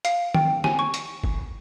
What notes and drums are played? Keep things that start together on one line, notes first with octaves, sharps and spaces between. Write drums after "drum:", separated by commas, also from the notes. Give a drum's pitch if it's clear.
F5, drum: hi-hat
G5, drum: tom
G#5, drum: snare
C#6
drum: hi-hat
drum: kick